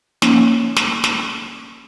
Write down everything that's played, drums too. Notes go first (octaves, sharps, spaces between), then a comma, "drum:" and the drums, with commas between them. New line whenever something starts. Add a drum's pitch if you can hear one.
F3 A#3 C#4 D#4, drum: snare
drum: snare
drum: snare